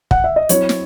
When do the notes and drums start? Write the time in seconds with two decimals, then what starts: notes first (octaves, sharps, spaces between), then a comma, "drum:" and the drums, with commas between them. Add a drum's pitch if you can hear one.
0.11 F#5, drum: kick
0.24 E5
0.36 D#5
0.49 F#3 C4 E4 C#5, drum: hi-hat
0.69 drum: snare